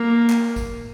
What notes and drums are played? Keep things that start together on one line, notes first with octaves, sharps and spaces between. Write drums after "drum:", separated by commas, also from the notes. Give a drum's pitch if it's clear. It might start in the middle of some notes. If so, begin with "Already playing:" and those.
Already playing: A#3
drum: clap
drum: kick G#1, tambourine